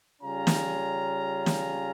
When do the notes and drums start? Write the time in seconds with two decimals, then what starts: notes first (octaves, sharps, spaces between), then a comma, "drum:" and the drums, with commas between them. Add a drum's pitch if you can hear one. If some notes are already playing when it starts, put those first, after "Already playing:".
0.21 C#3 G3 C#4 F4 A#5
0.47 drum: snare
1.46 drum: snare